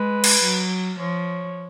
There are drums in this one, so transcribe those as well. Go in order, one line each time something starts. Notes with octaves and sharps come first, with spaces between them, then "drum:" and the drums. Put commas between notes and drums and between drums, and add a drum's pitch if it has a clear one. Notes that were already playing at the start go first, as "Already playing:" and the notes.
Already playing: G#3 B4
drum: cymbal
F#3
F3 C#5